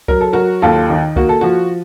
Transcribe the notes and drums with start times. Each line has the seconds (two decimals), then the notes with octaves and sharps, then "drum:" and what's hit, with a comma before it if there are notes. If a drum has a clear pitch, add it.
0.08 F#3 A#4, drum: kick C2
0.21 A4
0.33 F#3 F#4 A#4
0.62 D#2 F4 A4
0.90 D#3
1.16 A#3 F#4, drum: kick C2
1.29 A4
1.41 F3 F#4